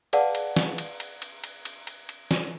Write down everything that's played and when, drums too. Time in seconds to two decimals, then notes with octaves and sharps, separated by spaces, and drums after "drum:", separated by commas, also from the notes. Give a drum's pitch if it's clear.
0.13 G#4 B4 D5 F5 F#5 A5, drum: cymbal
0.35 drum: cymbal
0.56 drum: snare
0.78 drum: cymbal
1.00 drum: cymbal
1.22 drum: cymbal
1.44 drum: cymbal
1.65 drum: cymbal
1.87 drum: cymbal
2.09 drum: cymbal
2.31 drum: snare